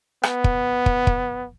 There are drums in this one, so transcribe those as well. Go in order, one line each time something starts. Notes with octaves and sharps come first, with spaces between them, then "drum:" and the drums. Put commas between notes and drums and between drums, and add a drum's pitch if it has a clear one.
B3, drum: rim click
drum: kick
drum: kick
drum: kick